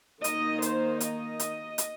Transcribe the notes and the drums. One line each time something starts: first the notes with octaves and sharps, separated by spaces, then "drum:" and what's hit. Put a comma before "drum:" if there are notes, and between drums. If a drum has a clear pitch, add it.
D#3 A#3 D#4 D#5, drum: hi-hat
C5, drum: hi-hat
D#5, drum: hi-hat
drum: hi-hat
drum: hi-hat